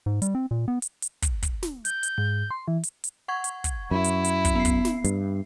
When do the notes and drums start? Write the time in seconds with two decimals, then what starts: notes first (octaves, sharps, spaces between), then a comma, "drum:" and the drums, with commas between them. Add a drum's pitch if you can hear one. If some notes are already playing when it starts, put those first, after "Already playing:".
0.06 G#2
0.22 G3, drum: hi-hat
0.35 C4
0.51 A#2
0.68 B3
0.82 drum: hi-hat
1.02 drum: hi-hat
1.22 drum: kick, hi-hat
1.43 drum: kick, hi-hat
1.63 drum: snare
1.85 G6, drum: hi-hat
2.03 drum: hi-hat
2.18 G#2
2.51 C6
2.68 E3
2.84 drum: hi-hat
3.04 drum: hi-hat
3.28 F#5 C#6 G#6
3.44 drum: hi-hat
3.64 drum: kick, hi-hat
3.91 F#2 E4
4.04 drum: hi-hat
4.24 drum: hi-hat
4.45 drum: kick, hi-hat
4.55 B3 C7
4.65 drum: kick, hi-hat
4.85 drum: snare
5.04 G2, drum: hi-hat